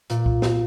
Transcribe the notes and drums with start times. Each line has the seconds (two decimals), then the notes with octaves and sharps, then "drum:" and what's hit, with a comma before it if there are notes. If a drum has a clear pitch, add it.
0.10 A#2, drum: hi-hat
0.26 drum: kick
0.42 drum: snare